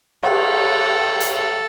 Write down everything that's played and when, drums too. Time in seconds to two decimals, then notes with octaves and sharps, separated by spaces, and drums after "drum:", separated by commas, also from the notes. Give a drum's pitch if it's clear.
0.23 A4, drum: cymbal
1.20 drum: hi-hat
1.34 A4